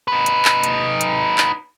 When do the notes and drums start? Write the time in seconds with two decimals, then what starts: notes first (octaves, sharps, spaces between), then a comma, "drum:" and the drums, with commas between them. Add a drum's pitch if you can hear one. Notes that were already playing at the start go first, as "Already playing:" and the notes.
0.08 D#4 B4
0.26 drum: hi-hat
0.45 drum: clap
0.64 drum: hi-hat
1.01 drum: hi-hat
1.38 drum: clap